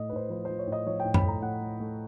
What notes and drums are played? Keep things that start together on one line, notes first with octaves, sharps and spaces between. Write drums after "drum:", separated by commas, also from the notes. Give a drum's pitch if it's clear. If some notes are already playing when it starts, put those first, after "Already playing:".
Already playing: A2 A3 D#5
B4
A2 C5
F3 B4
C5
F3
C#5
A2
D#5
F3 C#5
G5
A2
B5, drum: tom F#2
A3 A#5
A2 F#5
A3
A3